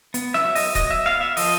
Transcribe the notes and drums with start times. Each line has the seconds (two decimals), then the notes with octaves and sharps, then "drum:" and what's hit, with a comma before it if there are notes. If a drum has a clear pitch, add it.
0.14 B3, drum: hi-hat
0.34 E5, drum: snare
0.45 F#3
0.55 D#5, drum: open hi-hat
0.75 F#3 D#5, drum: kick C#1, hi-hat
0.91 E5
1.06 B3 F5
1.21 E5
1.37 F3 D#5, drum: open hi-hat